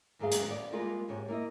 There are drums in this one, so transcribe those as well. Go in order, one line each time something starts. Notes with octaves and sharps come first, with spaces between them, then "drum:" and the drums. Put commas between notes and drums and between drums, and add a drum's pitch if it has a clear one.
D#2 G#2 F#3 G#4 F5
drum: hi-hat
D5
G3 G#3 A#3 F4 A#4 B4
G#2 G4 C#5
A#3 E4 D#5